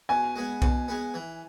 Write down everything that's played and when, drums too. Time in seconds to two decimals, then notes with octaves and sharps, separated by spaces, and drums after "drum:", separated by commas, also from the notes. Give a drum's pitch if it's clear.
0.09 B2 G#5
0.36 G#3 B3
0.62 B2, drum: kick B1
0.88 G#3 B3
1.14 E3